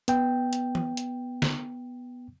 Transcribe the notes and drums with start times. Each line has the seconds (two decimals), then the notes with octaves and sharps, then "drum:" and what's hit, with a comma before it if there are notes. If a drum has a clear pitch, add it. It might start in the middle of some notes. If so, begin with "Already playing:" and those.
0.08 B3 G5, drum: hi-hat
0.53 drum: hi-hat
0.75 drum: tom E3
0.97 drum: hi-hat
1.42 drum: snare